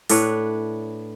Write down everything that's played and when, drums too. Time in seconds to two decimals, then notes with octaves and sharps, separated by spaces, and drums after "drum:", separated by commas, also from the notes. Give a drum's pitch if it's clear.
0.10 A2 D4 B4 C#5, drum: open hi-hat